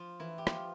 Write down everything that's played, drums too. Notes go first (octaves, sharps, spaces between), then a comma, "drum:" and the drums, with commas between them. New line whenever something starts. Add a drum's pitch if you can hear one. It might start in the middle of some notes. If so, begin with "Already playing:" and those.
Already playing: F3 F4
E3 E4
G4
F3 F4, drum: rim click